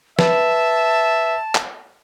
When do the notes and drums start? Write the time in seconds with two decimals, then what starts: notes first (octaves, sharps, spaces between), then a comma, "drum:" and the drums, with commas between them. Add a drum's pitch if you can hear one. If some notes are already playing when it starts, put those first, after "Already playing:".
0.19 B4 E5 A5, drum: snare
1.55 drum: clap